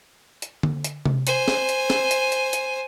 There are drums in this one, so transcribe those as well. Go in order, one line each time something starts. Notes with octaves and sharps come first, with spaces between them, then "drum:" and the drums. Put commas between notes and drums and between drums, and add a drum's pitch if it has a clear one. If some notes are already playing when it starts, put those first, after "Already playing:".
drum: hi-hat
drum: tom D3
drum: hi-hat
drum: tom C3
C5 G#5, drum: hi-hat
drum: snare
drum: hi-hat
drum: snare
drum: hi-hat
drum: hi-hat
drum: hi-hat